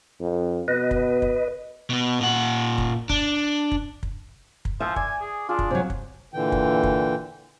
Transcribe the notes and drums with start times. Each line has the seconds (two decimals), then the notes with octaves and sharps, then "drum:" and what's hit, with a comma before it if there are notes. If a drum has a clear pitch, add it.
0.21 F2
0.68 B2 B4 D#5
0.91 drum: kick
1.22 drum: kick
1.89 B2 B3
2.20 A#2 F#5
2.78 drum: kick
3.09 D4, drum: kick
3.72 drum: kick
4.03 drum: kick
4.65 drum: kick
4.80 F3 E5 G#5
4.96 D5 G#5, drum: kick
5.21 G#4
5.49 D4 F4 G#4
5.59 drum: kick
5.71 C3 F#3
5.90 drum: kick
6.34 A#2 D3 E3 G5
6.52 drum: kick
6.83 drum: kick